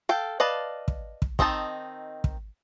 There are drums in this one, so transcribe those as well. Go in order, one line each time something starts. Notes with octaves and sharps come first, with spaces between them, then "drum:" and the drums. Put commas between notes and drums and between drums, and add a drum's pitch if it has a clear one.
A4 F5 G5
B4 D5 D#5 F5 A5
drum: kick
drum: kick
D#3 C4 D#4 A5, drum: kick
drum: kick